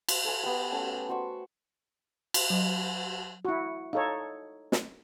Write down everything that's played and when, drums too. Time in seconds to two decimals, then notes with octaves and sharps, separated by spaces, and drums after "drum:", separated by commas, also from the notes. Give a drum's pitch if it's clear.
0.09 drum: cymbal
0.25 A4 G#5
0.43 B3 G4
0.72 A3 C#4
1.09 F#4 C5 B5 C#6
2.34 drum: cymbal
2.50 F#3 D#5
3.45 E4 F#4
3.93 D#4 A4 C#5 F5
4.72 drum: snare